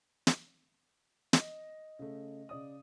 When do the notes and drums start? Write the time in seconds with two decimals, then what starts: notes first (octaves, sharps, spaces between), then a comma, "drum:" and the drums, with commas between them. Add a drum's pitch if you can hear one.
0.27 drum: snare
1.33 D#5, drum: snare
1.99 C#3 A3
2.49 C#3 D5 D#6